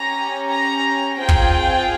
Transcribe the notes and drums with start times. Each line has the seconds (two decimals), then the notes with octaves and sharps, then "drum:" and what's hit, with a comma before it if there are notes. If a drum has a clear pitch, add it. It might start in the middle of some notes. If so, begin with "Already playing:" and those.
Already playing: C#4 G4 A#5
0.51 A#5
1.17 C4 F4 G#4 G5
1.29 drum: kick